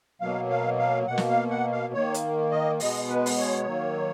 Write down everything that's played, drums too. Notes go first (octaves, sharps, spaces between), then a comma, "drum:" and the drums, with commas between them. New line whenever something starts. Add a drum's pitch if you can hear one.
B2 F#3 A#3 F5
F5
F5
B2 A#3 F#5
drum: snare
F5
F#5
F5
D#3 A#3 C#5
drum: hi-hat
D#5
B2 G#3 B3 D#5, drum: open hi-hat
B4
drum: open hi-hat
C#5
D#3 F#3 A#3